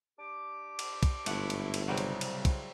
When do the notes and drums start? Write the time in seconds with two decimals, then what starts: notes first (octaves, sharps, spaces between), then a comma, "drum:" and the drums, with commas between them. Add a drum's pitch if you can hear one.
0.19 D4 G4 D6
0.79 drum: cymbal
1.03 drum: kick, cymbal
1.26 G1 G#2 A3 E4 F#5, drum: cymbal
1.50 drum: cymbal
1.74 drum: cymbal
1.88 C2 A2 C#3 F#3 G3 C4
1.98 drum: cymbal
2.21 drum: cymbal
2.45 drum: kick, cymbal